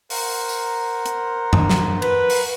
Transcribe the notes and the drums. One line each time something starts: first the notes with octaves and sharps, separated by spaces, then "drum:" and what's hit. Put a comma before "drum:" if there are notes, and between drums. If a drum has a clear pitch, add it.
A#4 C5 F#5, drum: open hi-hat
drum: tambourine
drum: hi-hat
drum: tom F#2
drum: snare
B4, drum: cymbal
drum: open hi-hat